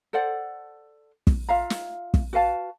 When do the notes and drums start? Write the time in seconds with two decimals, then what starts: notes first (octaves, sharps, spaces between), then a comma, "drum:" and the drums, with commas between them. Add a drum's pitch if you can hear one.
0.13 A4 C5 D5 F#5
1.27 drum: kick
1.49 F4 E5 F5 A#5
1.70 drum: snare
2.14 drum: kick
2.33 F#4 B4 F5 A5